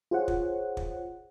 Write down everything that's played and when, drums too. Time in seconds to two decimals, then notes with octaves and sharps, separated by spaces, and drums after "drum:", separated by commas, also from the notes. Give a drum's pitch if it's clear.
0.11 F4 G#4 C5 C#5 F#5
0.28 drum: kick
0.77 drum: kick